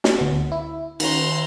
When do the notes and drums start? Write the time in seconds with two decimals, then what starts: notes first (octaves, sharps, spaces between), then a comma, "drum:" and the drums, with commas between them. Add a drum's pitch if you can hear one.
0.04 drum: snare
0.18 D2 B3
0.52 E4
1.00 D#3 C#4 A#5 C6, drum: cymbal